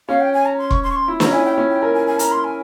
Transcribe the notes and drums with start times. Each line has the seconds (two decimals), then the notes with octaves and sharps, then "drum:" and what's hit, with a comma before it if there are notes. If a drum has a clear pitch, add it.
0.09 C#4 F5
0.21 G5
0.34 G#5
0.46 A#5
0.58 C6
0.71 C#6, drum: kick E1
0.83 C6
0.90 C#6
0.95 C6
1.08 E4
1.20 C#4 A#5, drum: snare
1.32 E4 G#5
1.45 G5
1.58 C#4
1.70 G5
1.82 A#4 G#5
1.94 G#5
2.07 G#5
2.19 A#5, drum: hi-hat
2.32 C6
2.44 G#5